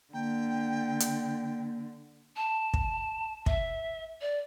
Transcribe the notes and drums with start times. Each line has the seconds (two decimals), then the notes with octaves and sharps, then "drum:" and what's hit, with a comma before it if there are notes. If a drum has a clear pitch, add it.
0.13 D3 A#3 G5
1.00 drum: hi-hat
2.37 A5
2.74 drum: kick
3.46 E5, drum: kick
4.21 D5